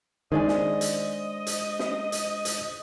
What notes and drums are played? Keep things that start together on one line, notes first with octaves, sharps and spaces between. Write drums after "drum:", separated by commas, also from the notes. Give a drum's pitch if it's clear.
D#3 G#3 D4 G#4 C5 D5 D#5 G#5
drum: snare
drum: hi-hat
drum: hi-hat
drum: snare
drum: hi-hat
drum: hi-hat